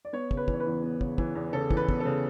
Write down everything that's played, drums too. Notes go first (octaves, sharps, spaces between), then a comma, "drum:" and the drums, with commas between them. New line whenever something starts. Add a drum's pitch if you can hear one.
D5
B3 C#5
C#3, drum: kick
B4
E3, drum: kick
C#5
B4
E2
B3
C#3, drum: kick
E3, drum: kick
E2
C#3 A4
E3, drum: kick
B4
B3, drum: kick
C#3 A4